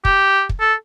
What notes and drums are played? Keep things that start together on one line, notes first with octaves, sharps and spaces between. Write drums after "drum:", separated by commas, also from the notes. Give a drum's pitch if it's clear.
G4, drum: kick
drum: kick
A4